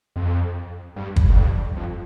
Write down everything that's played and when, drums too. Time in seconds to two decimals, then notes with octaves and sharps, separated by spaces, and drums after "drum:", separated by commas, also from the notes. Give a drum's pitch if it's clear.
0.16 F2
0.96 G2
1.16 drum: kick
1.29 F2
1.37 G2
1.77 F2